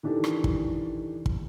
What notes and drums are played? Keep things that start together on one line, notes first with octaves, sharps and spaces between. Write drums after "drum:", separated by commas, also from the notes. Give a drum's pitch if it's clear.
D#3 E3 D4 G4 A4
drum: rim click
drum: kick
drum: kick